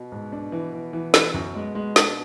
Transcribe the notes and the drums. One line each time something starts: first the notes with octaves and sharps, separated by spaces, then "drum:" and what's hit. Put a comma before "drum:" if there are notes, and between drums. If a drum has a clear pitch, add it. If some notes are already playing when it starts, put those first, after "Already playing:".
Already playing: B2
G#2
D4
E3
E3
E3
E3, drum: snare
F#2
G#3
G#3
D4, drum: snare